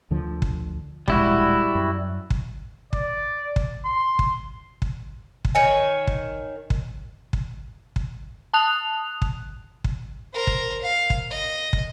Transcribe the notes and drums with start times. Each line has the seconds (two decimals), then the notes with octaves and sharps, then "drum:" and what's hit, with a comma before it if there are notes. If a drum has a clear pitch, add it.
0.11 D2 D3 F3
0.42 drum: kick
1.08 D1 A#1 G3 G#3 E4 F#4, drum: kick
1.75 F#2
2.30 drum: kick
2.93 D5, drum: kick
3.56 drum: kick
3.85 C6
4.19 drum: kick
4.82 drum: kick
5.45 drum: kick
5.55 D#3 C#5 G#5
6.07 drum: kick
6.70 drum: kick
7.33 drum: kick
7.96 drum: kick
8.53 A5 D#6 F#6 F7
9.22 drum: kick
9.84 drum: kick
10.33 A#4 C5
10.47 drum: kick
10.81 F5
11.10 drum: kick
11.31 D#5
11.73 drum: kick